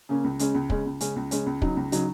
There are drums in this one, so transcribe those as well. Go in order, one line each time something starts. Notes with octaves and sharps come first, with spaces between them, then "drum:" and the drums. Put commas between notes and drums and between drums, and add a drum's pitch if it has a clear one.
C#3 A#3 C#4
C#2
C#3 G#3 C#4, drum: hi-hat
C#2
C#3 G#3 C#4, drum: kick
C#2
C#3 G#3 C#4, drum: hi-hat
C#2
C#3 G#3 C#4, drum: hi-hat
C#2
C#3 F#3 D#4, drum: kick
C#2
C#3 F#3 D#4, drum: hi-hat